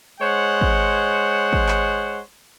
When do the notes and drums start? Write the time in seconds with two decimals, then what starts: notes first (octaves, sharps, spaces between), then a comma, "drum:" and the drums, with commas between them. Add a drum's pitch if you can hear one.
0.21 G#3 C5 C#5 F#5
0.61 drum: kick
1.53 drum: kick
1.69 drum: clap